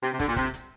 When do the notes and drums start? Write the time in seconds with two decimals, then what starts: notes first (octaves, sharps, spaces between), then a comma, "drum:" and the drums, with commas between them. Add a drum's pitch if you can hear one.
0.03 C3
0.13 C3
0.20 D3, drum: kick, hi-hat
0.28 A#2
0.36 C3, drum: kick, hi-hat
0.54 drum: hi-hat